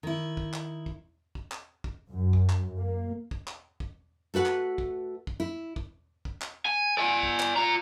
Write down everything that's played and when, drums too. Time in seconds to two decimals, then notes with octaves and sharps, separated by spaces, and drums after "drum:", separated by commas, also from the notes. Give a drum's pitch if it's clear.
0.03 D#3 E4
0.37 drum: kick
0.54 drum: clap
0.86 drum: kick
1.35 drum: kick
1.52 drum: clap
1.84 drum: kick
2.10 F#2
2.33 drum: kick
2.50 drum: clap
2.79 A#3
3.31 drum: kick
3.48 drum: clap
3.80 drum: kick
4.34 A3 F#4 B4 F#5
4.46 drum: clap
4.78 drum: kick
5.27 drum: kick
5.40 E4
5.76 drum: kick
6.25 drum: kick
6.42 drum: clap
6.66 G#5
6.98 D5 G#5
7.23 drum: kick
7.40 drum: clap
7.56 F4 A#5